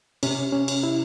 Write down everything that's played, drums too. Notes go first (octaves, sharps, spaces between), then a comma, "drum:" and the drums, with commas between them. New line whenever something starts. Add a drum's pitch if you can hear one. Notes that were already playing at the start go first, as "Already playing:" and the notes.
C3 C#4, drum: cymbal
C#4
drum: cymbal
E4